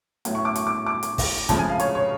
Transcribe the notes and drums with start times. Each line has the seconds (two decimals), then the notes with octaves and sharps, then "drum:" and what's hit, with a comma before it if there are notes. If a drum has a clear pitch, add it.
0.25 A1 A2 F#3 B3, drum: hi-hat
0.35 C#6
0.45 D6
0.56 C#6, drum: hi-hat
0.67 D6
0.87 D6
1.03 drum: hi-hat
1.18 drum: kick, open hi-hat
1.49 F1 F2 C#3 F3 G#3 A5, drum: kick, hi-hat
1.59 G#5
1.70 F5
1.80 C#5, drum: hi-hat
1.95 C#5